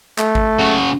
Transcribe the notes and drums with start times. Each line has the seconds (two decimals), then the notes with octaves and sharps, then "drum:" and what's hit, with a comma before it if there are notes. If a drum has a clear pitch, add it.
0.18 A3, drum: clap
0.35 drum: kick G#1
0.59 C#3 F#4